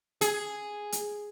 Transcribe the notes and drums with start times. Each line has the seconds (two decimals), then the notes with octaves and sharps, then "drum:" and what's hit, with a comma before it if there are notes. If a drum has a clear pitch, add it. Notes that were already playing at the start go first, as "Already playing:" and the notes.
0.21 G#4, drum: hi-hat
0.92 drum: hi-hat